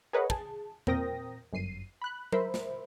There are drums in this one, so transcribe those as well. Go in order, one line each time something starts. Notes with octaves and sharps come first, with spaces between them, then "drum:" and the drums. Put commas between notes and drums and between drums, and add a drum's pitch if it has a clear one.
G#4 A#4 B4 C#5 D#5 F#5
G#4 A5, drum: kick
A#2 C4 A#4 G5 D#6 A#6, drum: tom E2
G1 F#2 C7 D#7
B5 F#6
A#4 C5 E5 B5, drum: tom F#3
drum: snare